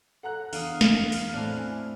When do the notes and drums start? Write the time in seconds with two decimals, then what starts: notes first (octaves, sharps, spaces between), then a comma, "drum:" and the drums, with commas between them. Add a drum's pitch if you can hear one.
0.23 A4 F#5 A#5 F#6
0.53 E2 D4 F5 D#6, drum: open hi-hat
0.81 drum: snare
1.12 drum: open hi-hat
1.33 A2 A3 C4 D4 E4 F6 F#6
1.58 G#5